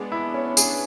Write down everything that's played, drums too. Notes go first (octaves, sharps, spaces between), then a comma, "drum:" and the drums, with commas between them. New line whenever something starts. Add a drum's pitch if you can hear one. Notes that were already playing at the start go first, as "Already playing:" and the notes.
Already playing: G#3 B3 D4
E4
C#4
G#4, drum: tambourine